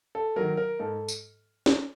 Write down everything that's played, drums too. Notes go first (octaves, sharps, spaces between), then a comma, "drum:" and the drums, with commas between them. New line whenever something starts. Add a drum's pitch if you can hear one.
A4
D#3 F#3 A#4
A#4
G#2 A4
drum: tambourine
drum: snare